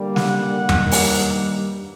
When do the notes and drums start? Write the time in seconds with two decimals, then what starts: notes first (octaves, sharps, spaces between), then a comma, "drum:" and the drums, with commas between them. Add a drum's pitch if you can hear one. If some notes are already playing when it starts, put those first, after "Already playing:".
Already playing: D3 G3 A#3
0.16 F#5, drum: snare
0.69 G2 D#3 G3 A#3, drum: tom E2
0.92 drum: open hi-hat